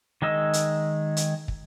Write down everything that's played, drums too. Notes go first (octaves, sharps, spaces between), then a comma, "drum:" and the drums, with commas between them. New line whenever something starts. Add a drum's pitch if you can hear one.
D#3 G#3 D#5 E6
drum: hi-hat
drum: hi-hat
drum: kick